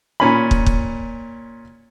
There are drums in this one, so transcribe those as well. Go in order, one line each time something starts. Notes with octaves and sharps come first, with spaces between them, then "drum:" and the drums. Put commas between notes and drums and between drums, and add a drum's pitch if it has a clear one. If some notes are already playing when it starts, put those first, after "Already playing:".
A#2 C#4 B5
drum: kick
drum: kick